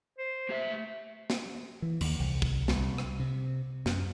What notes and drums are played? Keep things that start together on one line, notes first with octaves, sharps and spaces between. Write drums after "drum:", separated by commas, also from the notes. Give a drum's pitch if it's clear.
C5
A#3 G4 E5
A3
drum: snare
E3
D#2, drum: cymbal
C2
drum: kick
C2, drum: snare
drum: rim click
C3
F#2, drum: snare